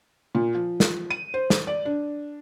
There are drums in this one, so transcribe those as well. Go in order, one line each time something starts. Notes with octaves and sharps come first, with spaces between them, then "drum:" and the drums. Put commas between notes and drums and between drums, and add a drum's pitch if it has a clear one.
A#2
F3
drum: snare
D#7
C5
drum: snare
D5
D4